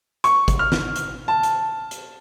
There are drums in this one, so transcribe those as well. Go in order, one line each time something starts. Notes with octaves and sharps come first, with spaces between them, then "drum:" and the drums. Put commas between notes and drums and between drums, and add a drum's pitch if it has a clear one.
C#6, drum: hi-hat
drum: kick G#1, hi-hat
F6
drum: snare
drum: hi-hat
A5
drum: hi-hat
drum: hi-hat